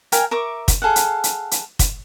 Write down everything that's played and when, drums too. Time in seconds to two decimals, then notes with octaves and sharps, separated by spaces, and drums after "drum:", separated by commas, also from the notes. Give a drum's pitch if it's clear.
0.12 A#4 F5 G5 G#5, drum: hi-hat
0.31 A#4 E5 C#6 D6
0.68 drum: kick, hi-hat
0.82 G#4 A4 F5 F#5
0.96 drum: hi-hat
1.24 drum: hi-hat
1.51 drum: hi-hat
1.79 drum: kick, hi-hat